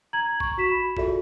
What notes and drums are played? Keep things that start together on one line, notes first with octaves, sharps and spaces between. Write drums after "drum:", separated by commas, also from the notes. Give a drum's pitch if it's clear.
A#5 G#6 F#7
C#6, drum: kick
F#4 B6 E7
B5
F4 F#4 G#4 A4 D5 E5, drum: kick